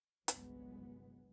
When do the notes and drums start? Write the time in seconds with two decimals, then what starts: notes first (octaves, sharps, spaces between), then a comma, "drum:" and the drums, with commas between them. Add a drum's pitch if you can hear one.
0.28 G1 C2 F#3 G#3 B3, drum: hi-hat